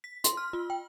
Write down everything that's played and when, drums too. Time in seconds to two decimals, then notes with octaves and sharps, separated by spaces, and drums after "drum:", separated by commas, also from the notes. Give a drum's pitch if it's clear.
0.04 B6
0.24 C6, drum: hi-hat
0.37 F6
0.53 F4
0.70 G5